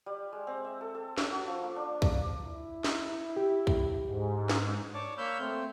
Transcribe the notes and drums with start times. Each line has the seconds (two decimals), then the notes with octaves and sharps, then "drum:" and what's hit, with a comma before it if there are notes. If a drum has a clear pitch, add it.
0.06 G3
0.32 G#3
0.47 C4
0.65 E5
0.81 A4
0.95 A4
1.18 C#5, drum: snare
1.32 F#4
1.47 F3
1.62 A#3
1.76 D4
2.02 D5, drum: kick
2.44 E4
2.84 drum: snare
3.37 G4
3.67 drum: kick
4.07 G#2
4.49 drum: snare
4.94 C#5 D5 A5 D6
5.18 A#3 C#5 B5 E6 F6 G6
5.39 A3 C4